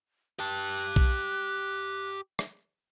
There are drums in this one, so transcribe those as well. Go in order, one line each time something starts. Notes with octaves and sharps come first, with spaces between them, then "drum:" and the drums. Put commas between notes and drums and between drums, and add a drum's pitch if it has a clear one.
G4 A5 F#6
drum: kick B1
drum: rim click